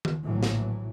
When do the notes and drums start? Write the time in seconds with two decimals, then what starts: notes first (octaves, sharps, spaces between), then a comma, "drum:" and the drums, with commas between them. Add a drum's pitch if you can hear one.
0.05 drum: tom D#3
0.22 A#1 A2 D3 E3 F#3
0.43 drum: snare